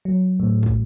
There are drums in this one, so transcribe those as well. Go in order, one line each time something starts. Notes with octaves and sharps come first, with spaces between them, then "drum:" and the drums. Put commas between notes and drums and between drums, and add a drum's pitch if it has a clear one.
F#3
A2
drum: kick